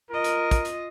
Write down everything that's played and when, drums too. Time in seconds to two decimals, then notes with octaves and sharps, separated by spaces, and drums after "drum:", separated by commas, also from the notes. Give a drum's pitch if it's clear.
0.11 F4 A#4 D#5
0.24 drum: hi-hat
0.51 drum: kick, hi-hat
0.65 drum: hi-hat